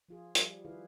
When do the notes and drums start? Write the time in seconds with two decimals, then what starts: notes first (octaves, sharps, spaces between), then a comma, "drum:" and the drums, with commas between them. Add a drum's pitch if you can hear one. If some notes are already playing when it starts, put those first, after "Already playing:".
0.09 F3 F4 G#4
0.35 F3 G3, drum: hi-hat
0.65 D#3 E4 G#4 B4 F5